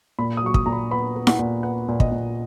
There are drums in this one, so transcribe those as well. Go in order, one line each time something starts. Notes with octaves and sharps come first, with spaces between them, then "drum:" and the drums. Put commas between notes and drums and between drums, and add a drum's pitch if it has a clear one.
A#2 B5
D#6
F#3 C#6
D#6, drum: kick
A#2 A#5
B5
B3 B5
B3
F#5, drum: snare E4
A#2
B3 F#5
A#2
D#5, drum: kick
A#2